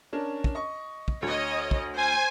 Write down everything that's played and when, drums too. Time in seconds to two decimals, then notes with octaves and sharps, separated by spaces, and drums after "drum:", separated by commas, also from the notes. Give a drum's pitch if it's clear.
0.13 C#4 D4 A#4
0.44 drum: kick
0.55 D#5 C#6
1.08 drum: kick
1.22 D2 C#5 D#5
1.71 drum: kick
1.96 C5 G#5